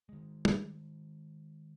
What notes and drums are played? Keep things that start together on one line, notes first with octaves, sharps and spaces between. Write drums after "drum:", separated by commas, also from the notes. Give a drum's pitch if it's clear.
D#3 G#3
drum: tom